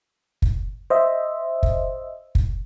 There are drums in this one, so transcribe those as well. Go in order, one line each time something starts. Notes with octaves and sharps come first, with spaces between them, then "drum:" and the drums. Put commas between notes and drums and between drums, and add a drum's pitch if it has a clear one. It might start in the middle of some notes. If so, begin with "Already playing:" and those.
drum: kick
C5 D#5 E5
drum: kick
drum: kick